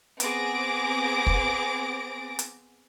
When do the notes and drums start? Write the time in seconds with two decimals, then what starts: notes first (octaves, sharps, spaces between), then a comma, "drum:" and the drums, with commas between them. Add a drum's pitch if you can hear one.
0.20 B3 C4 G#4 D6 A#6 D7, drum: hi-hat
1.27 drum: kick
2.39 drum: hi-hat